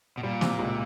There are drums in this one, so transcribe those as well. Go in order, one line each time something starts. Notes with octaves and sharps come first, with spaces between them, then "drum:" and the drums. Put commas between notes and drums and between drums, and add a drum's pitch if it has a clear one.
B2
A#2 G3
C3, drum: snare
C#2